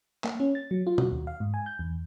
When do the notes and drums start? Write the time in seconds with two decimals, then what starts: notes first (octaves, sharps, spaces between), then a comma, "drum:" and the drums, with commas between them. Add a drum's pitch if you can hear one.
0.24 A#3, drum: clap
0.40 C#4
0.55 A6
0.71 F#3
0.87 F4
0.98 F#4, drum: tom B2
1.12 D#2
1.27 F5
1.40 G#2
1.54 G#5
1.66 G6
1.79 E2